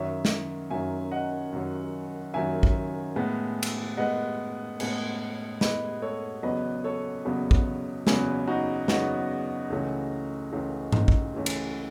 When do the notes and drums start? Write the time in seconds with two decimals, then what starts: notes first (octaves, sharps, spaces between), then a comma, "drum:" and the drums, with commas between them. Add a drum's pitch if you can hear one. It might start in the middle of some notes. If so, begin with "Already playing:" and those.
Already playing: F#2 D#3 F#3 C#5 E5
0.25 drum: snare
0.70 F#2 D#3 F#3 E5 G#5
1.11 D#5 F#5
1.52 F#2 D#3 F#3
2.34 F#2 D#3 F#3 E5 G#5
2.63 drum: kick
3.16 A2 G#3 B3
3.63 drum: cymbal
3.97 A2 G#3 B3 D#5 F#5
4.80 A2 G#3 B3, drum: cymbal
5.61 A2 G#3 B3 B4 D#5, drum: snare
6.02 A4 C#5
6.43 E2 C#3 F#3 B3 B4 D#5
6.84 A4 C#5
7.25 E2 C#3 F#3 B3
7.51 drum: kick
8.07 E2 C#3 F#3 B3 G#4 B4, drum: snare
8.47 D#4 F#4
8.88 E2 C#3 F#3 B3 D#4 F#4, drum: snare
9.70 C#2 C#3 E3 A3 C#4
10.52 C#2 C#3 E3 A3 C#4
10.93 D#4, drum: tom G#2
11.08 drum: kick
11.33 C#2 C#3 E3 A3 C#4
11.46 drum: cymbal